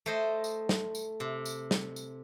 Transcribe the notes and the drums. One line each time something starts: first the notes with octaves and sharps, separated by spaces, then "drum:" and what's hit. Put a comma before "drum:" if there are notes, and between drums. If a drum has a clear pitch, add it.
A3 C5 D#5
drum: tambourine
drum: snare
drum: tambourine
C3
drum: tambourine
drum: snare
drum: tambourine